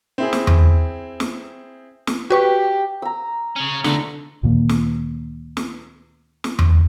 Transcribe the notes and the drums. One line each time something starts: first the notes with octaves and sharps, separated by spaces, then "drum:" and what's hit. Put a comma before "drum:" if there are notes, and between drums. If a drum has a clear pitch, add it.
C4 E4 G#4
drum: snare
drum: tom E2
drum: snare
drum: snare
F#4 G4 B4 C#6
A#5 E6
C#3 C#4
D3 A3 D#4, drum: snare
D2 A#2 D#3 A#3
drum: snare
drum: snare
drum: snare
drum: tom E2